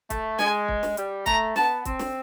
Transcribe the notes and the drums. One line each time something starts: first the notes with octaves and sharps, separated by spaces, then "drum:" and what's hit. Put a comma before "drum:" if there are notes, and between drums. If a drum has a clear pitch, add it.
A3, drum: kick, hi-hat
G#3 G#5, drum: snare
drum: kick
drum: snare
G3, drum: hi-hat
A3 A#5, drum: kick, hi-hat
B3 A5, drum: snare
C4, drum: kick, hi-hat
drum: snare